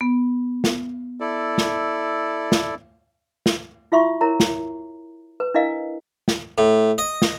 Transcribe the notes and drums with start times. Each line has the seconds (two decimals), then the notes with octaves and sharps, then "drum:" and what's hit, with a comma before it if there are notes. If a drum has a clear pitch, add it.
0.01 B3
0.64 drum: snare
1.20 E4 A4 D5
1.58 drum: snare
2.52 drum: snare
3.46 drum: snare
3.92 E4 F4 E5 C6 C#6
4.21 E4 A#4 C#5 A#5
4.40 drum: snare
5.40 B4
5.54 D4 E4 A#4 D#5 F5
6.28 drum: snare
6.58 A2
6.98 D#5
7.22 drum: snare